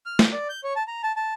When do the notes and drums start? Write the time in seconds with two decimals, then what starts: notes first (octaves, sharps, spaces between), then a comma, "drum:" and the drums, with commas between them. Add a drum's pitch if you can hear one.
0.06 F6
0.19 G6, drum: snare
0.32 D5
0.49 G6
0.64 C#5
0.76 A5
0.88 A#5
1.03 A5
1.16 A5